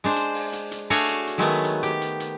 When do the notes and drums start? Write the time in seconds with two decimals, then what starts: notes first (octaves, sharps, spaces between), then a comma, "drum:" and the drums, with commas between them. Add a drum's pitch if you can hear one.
0.04 G#3 D4 C5
0.16 drum: hi-hat
0.34 drum: open hi-hat
0.53 drum: hi-hat
0.71 drum: hi-hat
0.90 A3 D4 F#4 G#4 C#5 F5, drum: hi-hat
1.09 drum: hi-hat
1.27 drum: hi-hat
1.38 D#3 F#3 G#3 A3 B3
1.64 drum: hi-hat
1.83 G4, drum: hi-hat
2.01 drum: hi-hat
2.20 drum: hi-hat